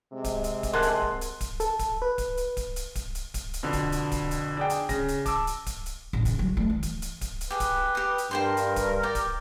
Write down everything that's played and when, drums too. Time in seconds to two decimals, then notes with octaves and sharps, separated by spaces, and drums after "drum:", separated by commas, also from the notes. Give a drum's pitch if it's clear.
0.14 C3 G#3
0.24 drum: kick D1, hi-hat
0.44 drum: hi-hat
0.63 drum: kick D1, hi-hat
0.73 A#3 F#5 G#5 A5 C6 F#6
0.83 drum: hi-hat
1.02 drum: kick D1
1.21 drum: hi-hat
1.41 drum: kick D1, hi-hat
1.60 A4, drum: hi-hat
1.79 drum: kick D1, hi-hat
2.02 B4
2.18 drum: kick D1, hi-hat
2.37 drum: hi-hat
2.57 drum: kick D1, hi-hat
2.76 drum: hi-hat
2.95 drum: kick D1, hi-hat
3.15 drum: hi-hat
3.34 drum: kick D1, hi-hat
3.54 drum: hi-hat
3.63 F2 B2 D3
3.73 drum: kick D1, hi-hat
3.92 drum: hi-hat
4.12 drum: kick D1, hi-hat
4.31 drum: hi-hat
4.57 D4 G#4 G5
4.70 drum: hi-hat
4.89 C#3 A#6, drum: kick D1, hi-hat
5.08 drum: hi-hat
5.26 A5 D6 E6, drum: kick D1, hi-hat
5.47 drum: hi-hat
5.66 drum: kick D1, hi-hat
5.86 drum: hi-hat
6.13 A1
6.25 C#3, drum: hi-hat
6.39 F#3
6.57 A3
6.70 E3
6.83 drum: kick D1, hi-hat
7.02 drum: hi-hat
7.21 drum: kick D1, hi-hat
7.41 drum: hi-hat
7.50 G4 G#4 B4
7.60 drum: kick D1, hi-hat
7.95 G4 D#6
8.18 drum: hi-hat
8.31 G2 A#4 C5 G5 C6
8.57 drum: hi-hat
8.76 drum: kick D1, hi-hat
9.03 G4 D5 G5
9.15 drum: kick D1, hi-hat